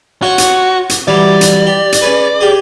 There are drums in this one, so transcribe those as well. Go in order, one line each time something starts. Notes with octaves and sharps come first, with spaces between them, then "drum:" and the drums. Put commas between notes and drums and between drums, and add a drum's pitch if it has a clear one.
F4 F#4 C#5 C#6
drum: hi-hat
drum: hi-hat
E3 F#3 G3 D5
drum: hi-hat
G4
drum: hi-hat
C#4 G#4 B4
G4 G#4